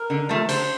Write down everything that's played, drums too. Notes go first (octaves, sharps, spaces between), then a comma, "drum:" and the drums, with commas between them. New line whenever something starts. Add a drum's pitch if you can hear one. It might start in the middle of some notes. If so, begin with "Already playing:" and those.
Already playing: A#4
D3
F3 A3
D3 C5, drum: cymbal